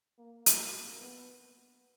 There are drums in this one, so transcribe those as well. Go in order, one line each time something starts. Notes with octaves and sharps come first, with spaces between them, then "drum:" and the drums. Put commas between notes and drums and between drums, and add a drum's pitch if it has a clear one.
A#3
drum: hi-hat
A#3
B3